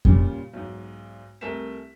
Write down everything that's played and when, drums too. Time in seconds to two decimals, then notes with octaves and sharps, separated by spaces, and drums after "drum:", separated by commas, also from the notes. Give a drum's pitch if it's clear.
0.05 A#2 C#3 G3 F4, drum: kick F2
0.53 B1 G#2
1.41 C2 A3 A#4 G#5 B6 E7